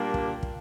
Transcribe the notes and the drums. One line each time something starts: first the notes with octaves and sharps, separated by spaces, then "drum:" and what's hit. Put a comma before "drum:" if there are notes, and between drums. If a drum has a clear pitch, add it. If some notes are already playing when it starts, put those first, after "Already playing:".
Already playing: A#2 G3 A#3 D4
drum: kick
drum: kick